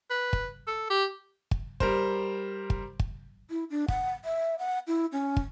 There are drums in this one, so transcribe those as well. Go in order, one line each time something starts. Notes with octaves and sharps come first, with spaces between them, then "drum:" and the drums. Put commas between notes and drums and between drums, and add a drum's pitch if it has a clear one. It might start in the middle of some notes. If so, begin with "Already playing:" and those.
B4
drum: kick
A4
G4
drum: kick
G3 A#4 C5, drum: kick
drum: kick
drum: kick
E4
D4
F#5, drum: kick
E5
F#5
E4
C#4
drum: kick